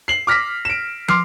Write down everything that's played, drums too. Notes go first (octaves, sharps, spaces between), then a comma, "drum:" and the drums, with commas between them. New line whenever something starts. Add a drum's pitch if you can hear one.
C7 F#7
D6 F6 A#6 B6
D7 E7
C6 D6 F6 C7, drum: tom